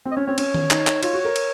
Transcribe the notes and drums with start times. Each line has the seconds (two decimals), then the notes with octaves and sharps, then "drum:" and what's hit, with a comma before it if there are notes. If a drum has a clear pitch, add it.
0.05 C4
0.12 D#5
0.16 C#4 C#5
0.27 C4 C#5
0.38 C#4 C#5, drum: cymbal
0.54 drum: tom D#3
0.71 D#4, drum: clap
0.87 drum: clap
1.03 F4 C#5, drum: cymbal
1.13 F#4
1.25 A#4
1.36 drum: cymbal